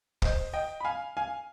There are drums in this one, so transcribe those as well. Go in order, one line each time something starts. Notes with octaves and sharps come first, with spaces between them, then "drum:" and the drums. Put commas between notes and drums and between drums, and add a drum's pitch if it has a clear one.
C5 D#5, drum: kick
D#5 G5
B5
F5 G#5
F5 G#5